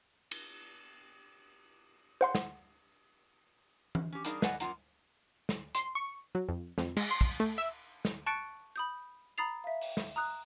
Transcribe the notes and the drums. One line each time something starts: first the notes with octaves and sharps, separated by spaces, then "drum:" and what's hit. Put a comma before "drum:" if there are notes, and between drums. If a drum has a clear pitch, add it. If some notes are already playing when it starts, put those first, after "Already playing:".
drum: cymbal
C5 F#5 C6
drum: snare
drum: tom E3
C#4 G4
G3 D4 D#4 G#4 A#4 F5, drum: hi-hat
B4 D5 D#5 F5 F#5 G#5, drum: snare
F#2 A#3 F4 F#5 A#5, drum: hi-hat
drum: snare
C6, drum: hi-hat
C#6
F#3
F2
F2, drum: snare
G#3, drum: cymbal
C6
drum: kick
A3
E5
drum: snare
A5 C#6 F#6 A6 C#7 D7
B5 D#6 G6
A#5 B5 D#6 A6 C7 F7
E5 F5
drum: open hi-hat
drum: snare
A#5 D#6 F#6